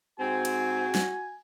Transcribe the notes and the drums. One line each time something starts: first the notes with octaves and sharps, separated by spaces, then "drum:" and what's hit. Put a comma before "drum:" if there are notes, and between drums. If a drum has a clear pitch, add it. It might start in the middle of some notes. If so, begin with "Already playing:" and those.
G#2 C4 F#4 G#5
drum: cymbal
drum: snare